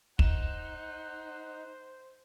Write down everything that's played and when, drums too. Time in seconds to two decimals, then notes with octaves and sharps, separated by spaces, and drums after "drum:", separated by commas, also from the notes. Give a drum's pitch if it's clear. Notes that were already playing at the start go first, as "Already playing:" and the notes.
0.19 D#4 C5 F#5 E7, drum: kick